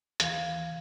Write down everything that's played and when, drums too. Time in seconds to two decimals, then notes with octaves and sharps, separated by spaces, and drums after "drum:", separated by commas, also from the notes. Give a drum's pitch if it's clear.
0.20 D#2 E3 F5 G#6, drum: hi-hat